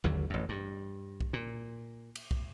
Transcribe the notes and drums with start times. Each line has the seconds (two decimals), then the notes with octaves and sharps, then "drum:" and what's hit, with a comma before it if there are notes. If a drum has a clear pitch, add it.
0.04 G#1 D#2 D3 F#3
0.30 A1 F#2
0.49 G2
1.21 drum: kick
1.33 A#2
2.15 drum: cymbal
2.31 drum: kick